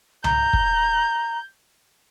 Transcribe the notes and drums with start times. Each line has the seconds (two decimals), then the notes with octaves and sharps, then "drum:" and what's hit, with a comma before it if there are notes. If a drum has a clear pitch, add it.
0.24 A#5 G6, drum: tom C2
0.53 drum: kick